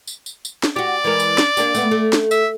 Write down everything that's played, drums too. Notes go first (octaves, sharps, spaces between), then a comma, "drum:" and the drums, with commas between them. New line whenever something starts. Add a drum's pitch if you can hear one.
drum: tambourine
drum: tambourine
drum: tambourine
drum: snare
F#4 G4 D5
E3 G#3 A#4
drum: tambourine
drum: snare
A#3 D4 G4, drum: tambourine
A3 B3, drum: tambourine
A3
drum: snare
E5, drum: tambourine